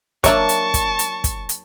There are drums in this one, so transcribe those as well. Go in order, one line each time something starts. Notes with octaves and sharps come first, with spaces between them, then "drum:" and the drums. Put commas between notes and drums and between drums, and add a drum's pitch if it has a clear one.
F#3 A#3 D4 C#5 E5 A5 C#6, drum: kick, hi-hat
drum: hi-hat
drum: kick, hi-hat
drum: hi-hat
drum: kick, hi-hat
drum: hi-hat